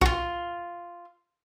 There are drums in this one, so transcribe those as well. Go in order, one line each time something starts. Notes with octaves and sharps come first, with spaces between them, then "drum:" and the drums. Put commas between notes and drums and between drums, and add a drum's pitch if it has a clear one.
F4 F#4, drum: kick A#1